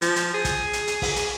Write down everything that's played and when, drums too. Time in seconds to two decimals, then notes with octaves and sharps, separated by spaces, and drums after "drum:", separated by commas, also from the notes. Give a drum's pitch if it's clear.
0.02 F3, drum: hi-hat
0.16 drum: hi-hat
0.34 G#4
0.45 drum: kick, hi-hat
0.73 drum: hi-hat
0.88 drum: hi-hat
1.02 drum: kick, open hi-hat
1.16 drum: hi-hat